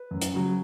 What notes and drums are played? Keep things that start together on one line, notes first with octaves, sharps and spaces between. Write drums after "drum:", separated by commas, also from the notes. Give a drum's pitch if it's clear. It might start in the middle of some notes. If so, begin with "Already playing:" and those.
Already playing: B4
F#2
drum: hi-hat
C#3 F#3